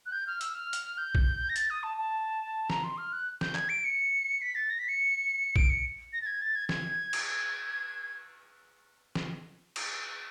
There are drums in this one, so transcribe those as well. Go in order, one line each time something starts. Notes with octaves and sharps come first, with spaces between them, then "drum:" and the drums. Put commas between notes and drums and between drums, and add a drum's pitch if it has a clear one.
F#6
G6
F6
E6, drum: hi-hat
F6
drum: hi-hat
G6
drum: kick
A#6
A6, drum: hi-hat
D#6
A5
A5
A#5, drum: snare
C6
F6
F#6
G6, drum: snare
G#6, drum: clap
D7
C#7
B6
A6
A#6
B6
C#7
D7, drum: kick
C#7
A#6
A6
G#6
A6
G#6
G#6, drum: snare
drum: cymbal
G#6
drum: snare
drum: cymbal